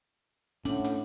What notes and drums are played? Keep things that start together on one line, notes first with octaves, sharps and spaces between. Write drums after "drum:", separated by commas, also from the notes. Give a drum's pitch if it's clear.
A2 C#4 D4 F#5, drum: hi-hat
drum: hi-hat